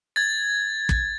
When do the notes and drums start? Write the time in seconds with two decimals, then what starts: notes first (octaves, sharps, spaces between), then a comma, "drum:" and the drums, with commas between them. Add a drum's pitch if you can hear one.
0.16 G#6 A6
0.89 drum: kick